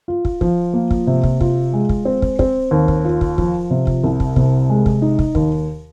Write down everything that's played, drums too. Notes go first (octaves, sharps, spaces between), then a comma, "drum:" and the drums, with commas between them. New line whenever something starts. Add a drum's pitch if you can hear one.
F4
drum: kick
F3, drum: kick
A#3
drum: kick
C3
drum: kick
F4, drum: kick
G#3
drum: kick
C4
drum: kick
C4, drum: kick
D#2
drum: kick
F4
drum: kick
F3, drum: kick
C3
drum: kick
C2
drum: kick
C3, drum: kick
G#3
drum: kick
D#4
drum: kick
D#2, drum: kick